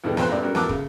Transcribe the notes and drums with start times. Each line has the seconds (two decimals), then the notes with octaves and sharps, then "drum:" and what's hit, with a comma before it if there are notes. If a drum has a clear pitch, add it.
0.04 E2 B2 D3 D#3 G3 G#3
0.17 F2 B3 C4 C5 C6 F#6, drum: snare
0.29 F#2 G3 B3 D4 D5
0.42 G3 C#4 F#4 A#4
0.55 E2 F#3 A#4 F#5 A5 D6, drum: snare
0.69 C#3, drum: kick